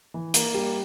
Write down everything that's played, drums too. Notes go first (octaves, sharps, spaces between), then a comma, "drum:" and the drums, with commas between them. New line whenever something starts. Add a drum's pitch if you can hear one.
E3
A#3, drum: hi-hat
G3